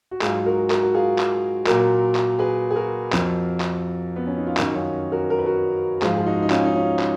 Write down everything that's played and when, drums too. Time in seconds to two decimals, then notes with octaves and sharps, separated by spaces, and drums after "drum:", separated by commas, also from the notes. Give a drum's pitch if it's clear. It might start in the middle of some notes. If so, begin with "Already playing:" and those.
0.11 F#4
0.22 G#2 F#3 F4 G#4, drum: clap
0.45 F#4 A#4
0.70 F#4 A#4, drum: clap
0.83 F#4
0.94 F4 G#4
1.18 drum: clap
1.67 A#2 F#3 F#4 A#4, drum: clap
2.15 drum: clap
2.39 G#4 B4
2.71 G#4
2.76 F#4 A#4
3.13 F2 F3, drum: clap
3.60 drum: clap
4.16 B3
4.27 C#4
4.37 D#4
4.47 F4
4.57 F#2 D#3 F#3 D#4 F#4, drum: clap
4.75 C#4 F4
5.12 F#4 A#4
5.30 A#4
5.39 B4
5.46 F#4 A#4
6.02 G#2 F3 F4 G#4, drum: clap
6.17 G#4
6.26 D#4 F#4
6.42 D#4
6.50 C#4 F4, drum: clap
6.65 D#4
6.76 C#4 F4
6.99 drum: clap